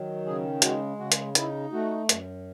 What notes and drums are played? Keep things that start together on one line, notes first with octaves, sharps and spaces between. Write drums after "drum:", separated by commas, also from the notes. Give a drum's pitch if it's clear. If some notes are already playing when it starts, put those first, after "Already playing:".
Already playing: D#3 F#3
C#3 G#4
G#3 F#4, drum: hi-hat
C#3 F#4
drum: hi-hat
D#4 E4, drum: hi-hat
A3 F#4
F#2, drum: hi-hat